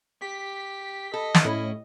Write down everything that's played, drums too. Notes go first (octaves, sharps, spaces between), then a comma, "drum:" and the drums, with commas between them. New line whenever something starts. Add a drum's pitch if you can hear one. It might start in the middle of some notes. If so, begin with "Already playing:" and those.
G4 B6
A4 D#5
drum: snare
A2 C#4 E4